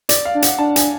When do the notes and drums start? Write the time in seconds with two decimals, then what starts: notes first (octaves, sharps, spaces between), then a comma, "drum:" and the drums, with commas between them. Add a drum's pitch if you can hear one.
0.09 D5, drum: hi-hat
0.25 F5
0.35 D4
0.42 F#5, drum: hi-hat
0.59 D4 A5
0.76 G#5, drum: hi-hat